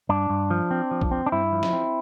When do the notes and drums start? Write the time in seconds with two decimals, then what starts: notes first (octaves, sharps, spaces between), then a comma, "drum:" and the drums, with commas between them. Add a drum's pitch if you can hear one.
0.09 G2 D4
0.30 G2
0.50 F3
0.71 C4
0.91 F3
1.01 drum: kick
1.11 C4
1.26 D4
1.32 G2 E4
1.52 F3
1.63 drum: snare
1.73 C4